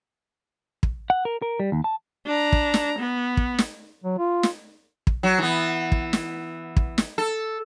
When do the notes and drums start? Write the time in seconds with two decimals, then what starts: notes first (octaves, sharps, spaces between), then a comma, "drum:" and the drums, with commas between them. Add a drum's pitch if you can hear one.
0.83 drum: kick
1.10 F#5
1.25 A#4
1.42 A#4
1.60 G3
1.72 D#2
1.84 A5
2.26 D4 A#5
2.52 drum: kick
2.74 drum: snare
2.98 B3
3.37 drum: kick
3.58 drum: snare
4.04 F#3
4.18 F4
4.43 drum: snare
5.07 drum: kick
5.23 F#3
5.38 E3 B3
5.92 drum: kick
6.13 drum: snare
6.76 drum: kick
6.98 drum: snare
7.18 A4